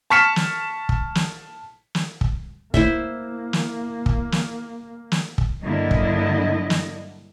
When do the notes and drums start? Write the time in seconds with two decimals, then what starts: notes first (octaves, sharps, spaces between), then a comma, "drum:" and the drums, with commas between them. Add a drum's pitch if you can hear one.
0.10 A5 C#6 F6 B6 C#7 E7
0.36 drum: snare
0.89 drum: kick
1.15 drum: snare
1.95 drum: snare
2.21 drum: kick
2.74 A#3 E4 C5 E5, drum: kick
3.53 drum: snare
4.06 drum: kick
4.32 drum: snare
5.12 drum: snare
5.38 drum: kick
5.62 G2 D3 F#3 A#3 E4 D#5
5.91 drum: kick
6.70 drum: snare